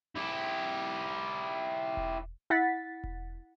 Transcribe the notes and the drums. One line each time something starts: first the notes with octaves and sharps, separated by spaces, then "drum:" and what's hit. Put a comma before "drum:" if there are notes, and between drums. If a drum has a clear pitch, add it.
E4 G4
drum: kick E1
E4 F#5 A6 B6
drum: kick E1